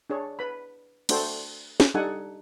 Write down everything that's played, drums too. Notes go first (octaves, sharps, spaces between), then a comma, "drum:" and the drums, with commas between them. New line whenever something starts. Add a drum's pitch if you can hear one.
D4 G#4 C#5
B4 B5
A3 D4 F#4 A4 C5 G5, drum: cymbal
drum: snare
G3 D4 D#4 A4 F#5 G#5